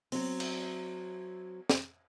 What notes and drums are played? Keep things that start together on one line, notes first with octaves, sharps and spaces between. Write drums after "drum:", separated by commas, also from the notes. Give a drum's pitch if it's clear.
F#3 C4, drum: open hi-hat
drum: cymbal
drum: snare